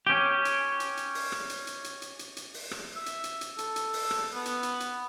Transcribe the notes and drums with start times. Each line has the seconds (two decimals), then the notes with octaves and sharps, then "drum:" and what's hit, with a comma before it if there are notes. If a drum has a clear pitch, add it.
0.07 C#4 G4
0.45 drum: hi-hat
0.80 drum: hi-hat
0.97 drum: hi-hat
1.15 drum: open hi-hat
1.32 drum: rim click
1.50 drum: hi-hat
1.67 drum: hi-hat
1.84 drum: hi-hat
2.02 drum: hi-hat
2.19 drum: hi-hat
2.37 drum: hi-hat
2.54 drum: open hi-hat
2.71 drum: rim click
2.96 E5
3.06 drum: hi-hat
3.24 drum: hi-hat
3.41 drum: hi-hat
3.58 A4, drum: hi-hat
3.76 drum: hi-hat
3.93 drum: open hi-hat
4.11 drum: rim click
4.34 B3
4.45 drum: hi-hat
4.63 drum: hi-hat
4.80 drum: hi-hat